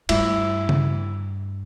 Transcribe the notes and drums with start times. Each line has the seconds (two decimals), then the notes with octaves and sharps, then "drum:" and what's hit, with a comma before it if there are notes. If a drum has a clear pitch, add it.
0.09 G2 A3 E4, drum: cymbal
0.69 drum: tom C#3